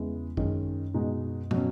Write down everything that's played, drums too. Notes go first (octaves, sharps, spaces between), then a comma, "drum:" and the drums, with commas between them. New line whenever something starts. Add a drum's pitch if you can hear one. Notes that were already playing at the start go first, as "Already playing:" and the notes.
Already playing: E2 C#3 G#3 B3 E4
F#2 D#3 G#3 C#4, drum: kick
B2 G#3 D#4
B2 F#3 C#4, drum: tom